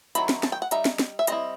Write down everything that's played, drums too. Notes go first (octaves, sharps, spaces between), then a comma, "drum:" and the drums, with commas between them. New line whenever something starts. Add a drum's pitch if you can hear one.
D#3 F#3 C4 E4 B5, drum: hi-hat
drum: snare
A5, drum: snare
G5
F#5
G3 D#4 E5, drum: hi-hat
drum: snare
drum: snare
E5
G3 C4 E4 D#5, drum: hi-hat